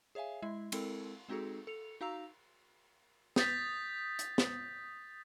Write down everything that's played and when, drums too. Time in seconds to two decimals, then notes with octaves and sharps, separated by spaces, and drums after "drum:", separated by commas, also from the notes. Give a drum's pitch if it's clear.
0.15 G#4 C#5 E5 F5 G#5
0.42 G#3 E4 E5
0.72 G#3 C4 E4 A4 A#4, drum: cymbal
1.29 G#3 C4 D#4 F#4 G#4 A4
1.67 A4 C#7 F7
2.01 D#4 F#4 F5 A#5 E6 F7
3.36 D#6 G6 A6 B6, drum: snare
4.19 drum: hi-hat
4.38 drum: snare